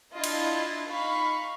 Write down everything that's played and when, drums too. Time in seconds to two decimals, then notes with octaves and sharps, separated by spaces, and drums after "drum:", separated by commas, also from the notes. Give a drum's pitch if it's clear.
0.14 D4 E4 F4 D#5
0.24 drum: cymbal
0.89 D#4 F5 B5 C#6